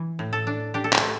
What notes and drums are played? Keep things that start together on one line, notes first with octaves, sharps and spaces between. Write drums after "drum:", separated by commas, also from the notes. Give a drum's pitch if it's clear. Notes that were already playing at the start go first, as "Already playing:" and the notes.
Already playing: E3
A2
A4
D4
D4 G4
A4
G4, drum: clap
A3